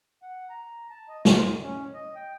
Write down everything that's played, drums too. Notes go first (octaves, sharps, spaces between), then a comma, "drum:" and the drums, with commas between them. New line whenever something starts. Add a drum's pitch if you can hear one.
F#5
A#5
A5
D#5
C6, drum: snare
A3
C#4
D#5
G5